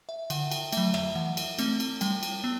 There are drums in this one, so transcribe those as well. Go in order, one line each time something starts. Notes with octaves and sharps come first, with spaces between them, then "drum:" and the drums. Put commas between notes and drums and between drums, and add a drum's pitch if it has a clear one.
E5
D3 F#5, drum: cymbal
G5, drum: cymbal
F#3 A3 E5, drum: cymbal
E5, drum: rim click
E3 F#5
drum: cymbal
A3 C4, drum: cymbal
drum: cymbal
G3 G5, drum: cymbal
drum: cymbal
B3